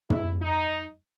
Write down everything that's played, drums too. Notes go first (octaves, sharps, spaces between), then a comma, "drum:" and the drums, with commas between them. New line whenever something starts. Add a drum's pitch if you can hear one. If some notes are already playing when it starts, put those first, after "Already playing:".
E4, drum: tom
D#4